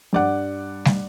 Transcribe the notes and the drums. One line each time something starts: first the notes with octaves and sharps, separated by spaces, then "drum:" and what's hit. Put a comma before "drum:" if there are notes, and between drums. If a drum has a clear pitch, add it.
G2 D5 F#5
drum: snare G3